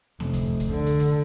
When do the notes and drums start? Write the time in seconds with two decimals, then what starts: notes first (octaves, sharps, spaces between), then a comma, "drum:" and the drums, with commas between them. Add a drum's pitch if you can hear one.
0.20 F1, drum: snare B3
0.33 drum: kick C#2, hi-hat
0.60 drum: kick C#2, hi-hat
0.70 D3
0.86 drum: hi-hat
0.99 drum: hi-hat